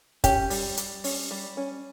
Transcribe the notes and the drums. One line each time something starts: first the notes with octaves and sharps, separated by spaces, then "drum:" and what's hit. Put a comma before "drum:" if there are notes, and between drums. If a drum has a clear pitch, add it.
C#4 G4, drum: kick, hi-hat
G3, drum: open hi-hat
G3, drum: hi-hat
C#4, drum: open hi-hat
G3
C#4